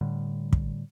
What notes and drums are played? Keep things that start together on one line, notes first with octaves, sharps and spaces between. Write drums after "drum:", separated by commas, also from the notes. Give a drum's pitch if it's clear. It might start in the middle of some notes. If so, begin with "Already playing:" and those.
A2 D3 G3
drum: kick